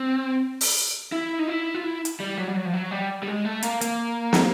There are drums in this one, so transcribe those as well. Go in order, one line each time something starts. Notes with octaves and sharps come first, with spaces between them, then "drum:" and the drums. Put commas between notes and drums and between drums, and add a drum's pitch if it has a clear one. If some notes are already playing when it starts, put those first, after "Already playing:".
Already playing: C4
drum: open hi-hat
E4
D#4
E4
F4
E4
drum: hi-hat
G3
F#3
G3
F#3
F3
F#3
G3
G3
G#3
A3
A#3, drum: hi-hat
A#3, drum: hi-hat
drum: snare